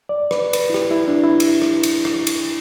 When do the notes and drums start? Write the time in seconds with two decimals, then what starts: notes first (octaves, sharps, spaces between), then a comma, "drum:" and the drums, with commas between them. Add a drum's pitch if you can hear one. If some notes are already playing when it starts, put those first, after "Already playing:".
0.09 D5
0.31 B4, drum: rim click
0.53 B4, drum: cymbal
0.70 E4
0.74 G4, drum: rim click
0.91 E4
1.08 D4
1.24 E4
1.40 drum: cymbal
1.62 drum: rim click
1.83 drum: cymbal
2.05 drum: rim click
2.27 drum: cymbal